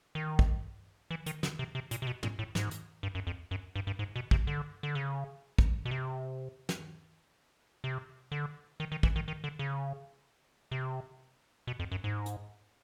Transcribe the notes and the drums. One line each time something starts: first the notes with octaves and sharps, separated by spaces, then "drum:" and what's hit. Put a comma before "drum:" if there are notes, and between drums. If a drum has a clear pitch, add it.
D#3
drum: kick
E3
D#3, drum: hi-hat
D3, drum: snare
C3
C3
A#2, drum: hi-hat
C3
B2
A#2, drum: tom
A2
G#2, drum: snare
drum: hi-hat
G2
F#2
F2
F#2
G2
G2
G#2
B2
C3, drum: kick
D3
D3
C#3
drum: kick
B2
C3
drum: snare
C3
D3
D#3
D#3
E3, drum: kick
D#3
D#3
D3
C#3
C3
B2
F2
F#2
G#2
drum: hi-hat